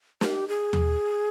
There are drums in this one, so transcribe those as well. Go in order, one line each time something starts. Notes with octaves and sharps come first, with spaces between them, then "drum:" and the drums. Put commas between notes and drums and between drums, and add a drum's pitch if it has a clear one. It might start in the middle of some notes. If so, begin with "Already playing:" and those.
G#4, drum: snare
G4
G#4
drum: tom D#2